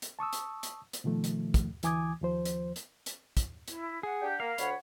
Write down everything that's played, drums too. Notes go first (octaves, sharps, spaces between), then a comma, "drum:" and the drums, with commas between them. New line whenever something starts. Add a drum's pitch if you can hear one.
drum: hi-hat
A5 C#6 D#6 E6
drum: hi-hat
drum: hi-hat
drum: hi-hat
B2 D#3 F3 A3
drum: hi-hat
drum: kick, hi-hat
D2 E3 G#5 D6 D#6 G#6, drum: hi-hat
D#2 F3 C5
drum: hi-hat
drum: hi-hat
drum: hi-hat
drum: kick, hi-hat
E4, drum: hi-hat
G#4 F#5
D4 G4 G5
A#3 F5
D2 C#5 F#5 B5, drum: hi-hat